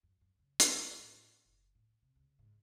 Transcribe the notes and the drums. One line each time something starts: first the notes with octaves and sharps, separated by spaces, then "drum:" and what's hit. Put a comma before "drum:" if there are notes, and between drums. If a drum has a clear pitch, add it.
F#2
F#2
C#3
B1, drum: hi-hat
D4
A2
F#1
A2
C3
C#2
G#2